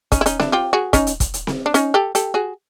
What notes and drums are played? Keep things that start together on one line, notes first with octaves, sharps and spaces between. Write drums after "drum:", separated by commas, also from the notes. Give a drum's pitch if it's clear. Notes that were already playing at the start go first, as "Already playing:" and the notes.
C#4 D#4, drum: kick, hi-hat
E4
C#4 D#4, drum: hi-hat
D4 E4, drum: snare C4
F4 G4
F#4 G#4
C#4 D#4, drum: kick, hi-hat
drum: hi-hat
drum: kick, hi-hat
drum: hi-hat
drum: snare C4
D4
C#4 D#4, drum: hi-hat
G4 A4
G4 A4, drum: hi-hat
F#4 G#4